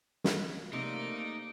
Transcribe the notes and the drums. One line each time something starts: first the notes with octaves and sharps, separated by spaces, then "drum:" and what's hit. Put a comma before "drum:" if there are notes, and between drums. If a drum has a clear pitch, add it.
drum: snare
C3 A3 A#3 D#4 D5 D7